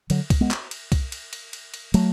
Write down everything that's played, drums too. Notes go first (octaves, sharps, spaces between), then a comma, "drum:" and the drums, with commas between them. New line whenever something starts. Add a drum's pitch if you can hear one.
D3 F#3, drum: cymbal
drum: kick C2, cymbal
G#3 B3
drum: clap
drum: cymbal
drum: kick C2, cymbal
drum: cymbal
drum: cymbal
drum: cymbal
drum: cymbal
F#3 A3, drum: cymbal